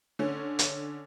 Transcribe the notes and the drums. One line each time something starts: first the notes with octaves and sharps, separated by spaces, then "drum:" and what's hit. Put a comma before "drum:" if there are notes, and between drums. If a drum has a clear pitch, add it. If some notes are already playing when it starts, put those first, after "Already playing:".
D3 C#4
drum: hi-hat